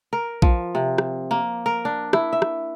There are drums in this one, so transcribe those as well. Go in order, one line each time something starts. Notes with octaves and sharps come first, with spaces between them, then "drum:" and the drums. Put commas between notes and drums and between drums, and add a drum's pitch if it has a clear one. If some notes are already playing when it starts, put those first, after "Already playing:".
A#4
F3, drum: kick A#1
C3
drum: rim click
A#3
A#4
D4
E4, drum: rim click
E5
drum: rim click